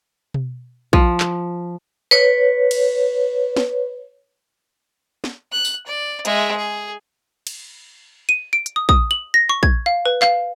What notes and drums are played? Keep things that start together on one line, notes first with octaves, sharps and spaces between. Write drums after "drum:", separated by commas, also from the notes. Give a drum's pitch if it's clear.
drum: tom B2
F3, drum: kick
drum: clap
B4 C#5
drum: cymbal
drum: snare
drum: snare
F#6
drum: tambourine
D5
G#3 E5, drum: hi-hat
G#4
drum: cymbal
D#7
D7
drum: hi-hat
D#6
D#6, drum: kick
F#7
A#6
C#6
G#6, drum: kick
F5
B4
F5, drum: clap